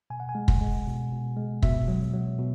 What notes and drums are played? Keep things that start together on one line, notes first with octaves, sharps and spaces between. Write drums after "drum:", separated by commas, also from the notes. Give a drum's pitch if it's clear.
B2 G#5
F#5
G#5
G#3
F#5, drum: kick
G#3
B2
B2
G#3
B2 E5, drum: kick
F#3
F#3
B2